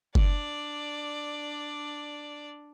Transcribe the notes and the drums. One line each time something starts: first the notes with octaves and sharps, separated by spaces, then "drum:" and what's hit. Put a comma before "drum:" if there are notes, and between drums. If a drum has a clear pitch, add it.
D4 D5, drum: kick